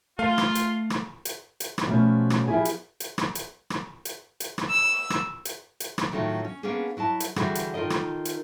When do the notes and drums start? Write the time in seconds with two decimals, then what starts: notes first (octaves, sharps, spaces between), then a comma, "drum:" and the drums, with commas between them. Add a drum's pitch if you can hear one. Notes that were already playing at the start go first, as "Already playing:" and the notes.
0.19 A3 F4 F5
0.38 drum: rim click
0.55 drum: hi-hat
0.90 drum: rim click
1.25 drum: hi-hat
1.60 drum: hi-hat
1.78 drum: rim click
1.87 B2 F3 A3 C#4
2.30 drum: rim click
2.48 F3 E4 G4 G#4
2.65 drum: hi-hat
3.00 drum: hi-hat
3.18 drum: rim click
3.35 drum: hi-hat
3.70 drum: rim click
4.05 drum: hi-hat
4.40 drum: hi-hat
4.58 drum: rim click
4.69 E6
5.10 drum: rim click
5.45 drum: hi-hat
5.80 drum: hi-hat
5.98 drum: rim click
6.11 A2 D#3 F#3 A3 D#4 F4
6.44 C#4
6.63 A#3 B3 C#4 D4 G#4
6.97 F#3 E4 D#5 A5
7.20 drum: hi-hat
7.36 D3 E3 G3 F#4 G#4, drum: rim click
7.55 drum: hi-hat
7.74 D#3 F4 A4 A#4 D#5
7.90 drum: rim click
8.25 drum: hi-hat